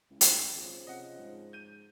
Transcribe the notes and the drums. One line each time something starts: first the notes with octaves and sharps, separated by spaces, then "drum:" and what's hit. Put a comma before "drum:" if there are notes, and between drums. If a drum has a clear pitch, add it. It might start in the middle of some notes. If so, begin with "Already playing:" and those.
C#2 E4
drum: hi-hat
G#1 C#3 F3
C3 D#5 F#5
G#2
G6 D#7